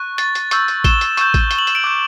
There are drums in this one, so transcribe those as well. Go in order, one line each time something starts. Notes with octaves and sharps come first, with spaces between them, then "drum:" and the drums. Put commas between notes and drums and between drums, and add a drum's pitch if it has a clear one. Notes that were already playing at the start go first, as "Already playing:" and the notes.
Already playing: C#6 F#6
A6, drum: hi-hat
drum: hi-hat
C#6 E6 G6, drum: hi-hat
drum: hi-hat
E7 G7, drum: kick A1, hi-hat
drum: hi-hat
C#6 E6 G6, drum: hi-hat
drum: kick A1, hi-hat
G7, drum: hi-hat
F#7
E7, drum: hi-hat
D7 F#7
D6 G6